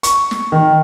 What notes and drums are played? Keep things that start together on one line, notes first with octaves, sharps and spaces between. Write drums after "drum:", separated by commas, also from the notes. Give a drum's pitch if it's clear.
C#6, drum: hi-hat
drum: snare
D#3